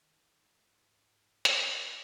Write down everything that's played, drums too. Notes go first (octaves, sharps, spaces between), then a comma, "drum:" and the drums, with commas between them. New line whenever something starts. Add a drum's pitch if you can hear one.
D#3
G#2
G#1, drum: hi-hat